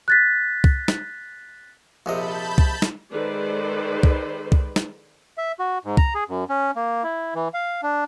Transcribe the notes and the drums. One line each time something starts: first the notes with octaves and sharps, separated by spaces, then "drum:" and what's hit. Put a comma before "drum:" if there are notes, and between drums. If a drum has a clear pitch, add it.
F#6 A6 B6
drum: kick C2
drum: snare
A#1 C3 D#5 A5 B5 G6
drum: kick C2
drum: snare
D#3 G#3 A4 B4 C5 D5
drum: kick C2
drum: kick C2
drum: snare
E5
F#4
G#2
A#5, drum: kick C2
G#4
F#2
C#4
A#3
E4
E3
F5
D4